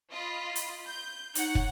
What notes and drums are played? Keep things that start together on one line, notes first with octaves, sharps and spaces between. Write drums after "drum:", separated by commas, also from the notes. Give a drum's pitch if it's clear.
F4 D#5 B5
drum: hi-hat
G6
D#4 C#5 F#5, drum: hi-hat
drum: kick